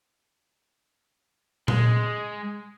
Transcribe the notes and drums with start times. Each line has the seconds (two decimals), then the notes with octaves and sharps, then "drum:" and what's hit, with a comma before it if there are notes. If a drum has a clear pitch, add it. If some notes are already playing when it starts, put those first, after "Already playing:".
1.68 G#3, drum: tom A#2